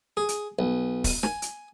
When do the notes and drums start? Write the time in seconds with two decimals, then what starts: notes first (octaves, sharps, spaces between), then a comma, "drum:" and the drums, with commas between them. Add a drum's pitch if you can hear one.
0.17 G#4
0.29 drum: hi-hat
0.59 B1
1.04 drum: kick, open hi-hat
1.23 G#5, drum: snare
1.42 drum: hi-hat